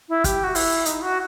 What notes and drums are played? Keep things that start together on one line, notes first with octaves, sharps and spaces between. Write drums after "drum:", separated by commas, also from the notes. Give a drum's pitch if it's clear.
E4
G4, drum: kick, hi-hat
F#4
E4, drum: open hi-hat
D#4, drum: hi-hat
F#4